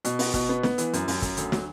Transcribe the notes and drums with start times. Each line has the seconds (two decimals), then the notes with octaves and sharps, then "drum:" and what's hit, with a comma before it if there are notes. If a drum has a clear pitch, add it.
0.05 B2, drum: hi-hat
0.19 B3, drum: open hi-hat
0.34 B2, drum: kick, hi-hat
0.49 B3
0.63 B3, drum: snare
0.78 E3, drum: hi-hat
0.93 F#2, drum: hi-hat
1.08 F#2, drum: open hi-hat
1.22 F#2, drum: kick, hi-hat
1.37 D2, drum: hi-hat
1.52 F#3, drum: snare